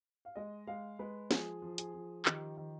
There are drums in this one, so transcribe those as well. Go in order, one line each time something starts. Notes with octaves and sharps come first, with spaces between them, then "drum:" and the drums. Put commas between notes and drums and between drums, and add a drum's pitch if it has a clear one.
F5
G#3 D#5
G#3 F5
G#3 B4
F3 G#4, drum: snare
F3
G#4, drum: hi-hat
F3
D#3 G4, drum: clap
D#3